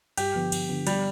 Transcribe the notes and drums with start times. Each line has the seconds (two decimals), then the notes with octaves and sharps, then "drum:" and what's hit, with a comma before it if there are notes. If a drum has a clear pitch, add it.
0.17 G2 G4, drum: cymbal
0.35 D3 F3 B3
0.52 G2, drum: cymbal
0.69 D3 F3 B3
0.87 G3, drum: cymbal